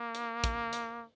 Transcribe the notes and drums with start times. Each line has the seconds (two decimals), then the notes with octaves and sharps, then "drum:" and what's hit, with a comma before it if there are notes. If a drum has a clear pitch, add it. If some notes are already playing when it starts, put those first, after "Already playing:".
Already playing: A#3
0.15 drum: hi-hat
0.44 drum: kick, hi-hat
0.73 drum: hi-hat